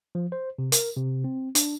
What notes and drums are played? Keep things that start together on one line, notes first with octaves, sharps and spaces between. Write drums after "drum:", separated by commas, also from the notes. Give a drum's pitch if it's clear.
F3
C5
C3
A#4, drum: hi-hat
C3
C4
D4, drum: hi-hat